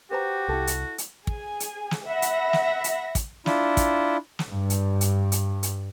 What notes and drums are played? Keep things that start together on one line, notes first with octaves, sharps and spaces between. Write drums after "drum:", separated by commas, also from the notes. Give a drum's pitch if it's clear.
F#4 G4 B4 C5 A#5
C2 E4 A4
drum: hi-hat
drum: hi-hat
G#4 G#5, drum: kick
drum: hi-hat
drum: snare
E5 F#5 B5 A#6
drum: hi-hat
drum: snare
drum: hi-hat
drum: kick, hi-hat
D4 E4 F4, drum: snare
drum: kick, hi-hat
drum: snare
G2
drum: hi-hat
drum: hi-hat
drum: hi-hat
drum: hi-hat